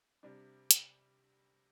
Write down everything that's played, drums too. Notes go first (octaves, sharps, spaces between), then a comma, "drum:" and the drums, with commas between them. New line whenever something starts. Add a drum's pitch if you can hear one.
C3 G3 D4
drum: hi-hat